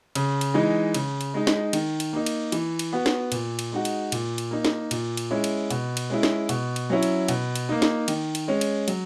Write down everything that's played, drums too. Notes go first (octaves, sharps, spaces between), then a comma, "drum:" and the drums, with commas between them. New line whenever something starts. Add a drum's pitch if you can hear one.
C#3, drum: cymbal
drum: cymbal
E3 G#3 D#4
C#3, drum: cymbal
drum: cymbal
G#3 D#4
drum: snare
D#3, drum: cymbal
drum: cymbal
A#3 D#4
drum: cymbal
E3, drum: cymbal
drum: cymbal
B3 F#4
drum: snare
A#2, drum: cymbal
drum: cymbal
G#3 D#4 F#4
drum: cymbal
A#2, drum: cymbal
drum: cymbal
A#3 D#4
drum: snare
A#2, drum: cymbal
drum: cymbal
G#3 C#4 E4
drum: cymbal
B2, drum: cymbal
drum: cymbal
G#3 C#4 E4
drum: snare
B2, drum: cymbal
drum: cymbal
F#3 C#4 E4
drum: cymbal
B2, drum: cymbal
drum: cymbal
A#3 D#4
drum: snare
D#3, drum: cymbal
drum: cymbal
G#3 C#4
drum: cymbal
F#3, drum: cymbal